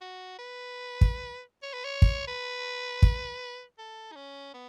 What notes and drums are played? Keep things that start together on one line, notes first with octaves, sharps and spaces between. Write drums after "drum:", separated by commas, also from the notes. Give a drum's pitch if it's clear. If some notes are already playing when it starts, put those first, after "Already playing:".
F#4
B4
drum: kick
C#5
B4
C#5
drum: kick
B4
drum: kick
A4
D#4
C#4
B3